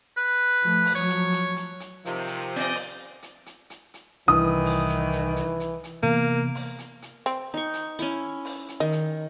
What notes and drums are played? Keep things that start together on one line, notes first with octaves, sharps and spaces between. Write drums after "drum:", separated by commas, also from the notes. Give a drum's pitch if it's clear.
B4
F3 A3
drum: open hi-hat
F3 F#3 C#5
drum: hi-hat
drum: hi-hat
drum: hi-hat
drum: hi-hat
C3 D#3 F3, drum: hi-hat
drum: hi-hat
B3 D5 D#5
drum: open hi-hat
drum: hi-hat
drum: hi-hat
drum: hi-hat
drum: hi-hat
C2 D#3 E3 D#6
drum: open hi-hat
drum: hi-hat
drum: hi-hat
drum: hi-hat
drum: hi-hat
drum: hi-hat
C3 E3 A#3 B3
drum: open hi-hat
drum: hi-hat
drum: hi-hat
C4, drum: hi-hat
D#4 C#6
drum: hi-hat
C#4 E4, drum: hi-hat
drum: open hi-hat
drum: hi-hat
D#3 D#5
drum: hi-hat